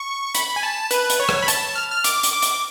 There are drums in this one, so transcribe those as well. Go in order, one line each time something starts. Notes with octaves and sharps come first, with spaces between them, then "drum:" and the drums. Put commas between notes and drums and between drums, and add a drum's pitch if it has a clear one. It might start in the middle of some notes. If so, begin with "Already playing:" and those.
Already playing: C#6
B5, drum: hi-hat
G#5
A5
B4, drum: hi-hat
drum: hi-hat
C#5
drum: rim click
B5
A5, drum: hi-hat
F6
F6
D6, drum: hi-hat
drum: hi-hat
D6
drum: hi-hat